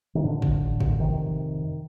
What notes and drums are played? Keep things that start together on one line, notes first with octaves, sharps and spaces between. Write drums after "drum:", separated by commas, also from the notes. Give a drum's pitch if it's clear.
D#3
A2 D3
drum: kick
drum: kick
F2 C3 D#3